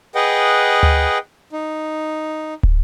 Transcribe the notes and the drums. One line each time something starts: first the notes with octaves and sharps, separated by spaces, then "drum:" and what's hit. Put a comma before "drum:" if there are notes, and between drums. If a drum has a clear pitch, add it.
G#4 B4 D#5 F#5 G5
drum: tom D2
D#4
drum: kick